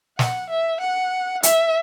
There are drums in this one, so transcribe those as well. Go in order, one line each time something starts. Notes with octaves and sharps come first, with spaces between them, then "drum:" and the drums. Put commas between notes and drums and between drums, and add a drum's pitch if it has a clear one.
F#5, drum: snare
E5
F#5
E5, drum: hi-hat